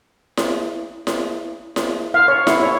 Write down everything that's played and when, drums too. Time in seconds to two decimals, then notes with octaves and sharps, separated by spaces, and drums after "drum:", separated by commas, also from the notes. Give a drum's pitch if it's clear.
0.37 drum: snare E4
1.07 drum: snare E4
1.76 drum: snare E4
2.14 F5
2.28 C#5
2.47 E4, drum: snare E4
2.62 C#5